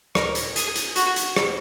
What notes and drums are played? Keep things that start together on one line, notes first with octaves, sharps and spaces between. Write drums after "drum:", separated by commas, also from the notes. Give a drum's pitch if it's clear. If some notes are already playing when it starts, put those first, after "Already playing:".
A#4, drum: rim click
drum: hi-hat
G#4, drum: hi-hat
drum: hi-hat
F#4, drum: hi-hat
drum: hi-hat
drum: rim click